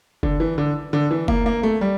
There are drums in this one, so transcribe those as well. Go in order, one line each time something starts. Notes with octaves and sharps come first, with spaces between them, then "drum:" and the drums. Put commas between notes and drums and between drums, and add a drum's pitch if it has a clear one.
D3, drum: kick F#1
E3
D3
D3
E3
A#3, drum: kick F#1
A#3
A3
G3